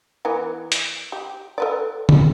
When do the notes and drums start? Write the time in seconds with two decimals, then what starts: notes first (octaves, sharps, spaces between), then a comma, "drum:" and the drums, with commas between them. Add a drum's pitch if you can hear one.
0.25 E3 B3 A#4
0.72 drum: hi-hat
1.12 G4
1.58 A4 B4 D5
2.09 drum: tom